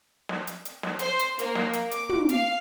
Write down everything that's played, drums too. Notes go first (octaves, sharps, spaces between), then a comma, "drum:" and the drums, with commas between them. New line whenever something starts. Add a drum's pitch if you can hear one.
drum: snare
drum: hi-hat
drum: hi-hat
drum: snare
C5, drum: hi-hat
drum: hi-hat
A#3, drum: hi-hat
drum: snare
drum: hi-hat
D6, drum: hi-hat
drum: tom
F5, drum: hi-hat